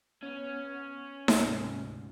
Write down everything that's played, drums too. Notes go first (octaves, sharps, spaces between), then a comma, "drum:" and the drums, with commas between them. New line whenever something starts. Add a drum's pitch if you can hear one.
B3 C#4
D2 G#2 C3, drum: snare D#4